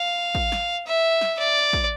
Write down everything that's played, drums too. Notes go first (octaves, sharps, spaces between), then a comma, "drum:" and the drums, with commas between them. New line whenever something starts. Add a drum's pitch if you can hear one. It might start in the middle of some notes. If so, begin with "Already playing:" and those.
Already playing: F5
drum: kick
drum: snare
E5
drum: snare
D5
drum: kick